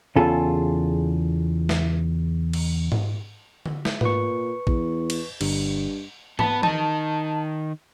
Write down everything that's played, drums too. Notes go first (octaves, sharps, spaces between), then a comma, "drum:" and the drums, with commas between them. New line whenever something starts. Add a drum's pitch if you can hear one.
E2 C#3 F4 G#4 A4
drum: snare
drum: cymbal
drum: tom G#2
drum: tom D3
drum: snare
A#2 B4 C#6, drum: tom G#2
E2, drum: kick
drum: cymbal
G1 G2, drum: cymbal
B3 A5 B5, drum: tom
D#3 D#4 A5, drum: tom E3